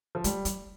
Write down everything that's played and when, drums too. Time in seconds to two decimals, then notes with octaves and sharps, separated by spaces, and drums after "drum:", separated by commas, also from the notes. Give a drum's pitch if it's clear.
0.15 F3
0.24 G3 G#3, drum: hi-hat
0.45 G3, drum: hi-hat